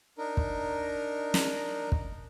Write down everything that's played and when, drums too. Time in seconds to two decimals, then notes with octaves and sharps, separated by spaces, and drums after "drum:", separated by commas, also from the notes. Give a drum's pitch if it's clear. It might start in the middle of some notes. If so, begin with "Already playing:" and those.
0.18 D4 D#4 A#4
0.37 drum: kick
1.34 drum: snare
1.92 drum: kick